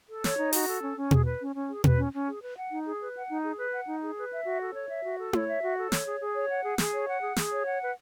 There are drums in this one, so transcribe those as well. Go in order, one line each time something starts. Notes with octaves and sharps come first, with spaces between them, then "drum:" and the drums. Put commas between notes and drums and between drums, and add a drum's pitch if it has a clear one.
A4
C#5, drum: snare
D#4
F#4, drum: open hi-hat
A4
C#4
C#4
G#4, drum: tom B2
B4
C#4
C#4
G#4
B4, drum: tom B2
C#4
C#4
G#4
B4
F#5
D#4
G#4
B4
F#5
D#4
G#4
B4
F#5
D#4
G#4
B4
E5
F#4
A4
C#5
E5
F#4
A4
C#5, drum: tom E4
E5
F#4
A4
C#5, drum: snare
G#4
G#4
C#5
F#5
G#4
G#4, drum: snare
C#5
F#5
G#4
G#4, drum: snare
C#5
F#5
B4